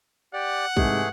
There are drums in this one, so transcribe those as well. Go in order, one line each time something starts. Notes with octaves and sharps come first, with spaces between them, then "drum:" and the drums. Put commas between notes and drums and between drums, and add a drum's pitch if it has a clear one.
G4 D5 F#5
G#2 C3 E3 G#3 A3 G#4, drum: kick